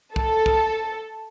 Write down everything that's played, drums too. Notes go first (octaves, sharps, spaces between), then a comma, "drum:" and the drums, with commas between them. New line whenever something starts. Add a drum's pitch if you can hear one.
A4, drum: kick
drum: kick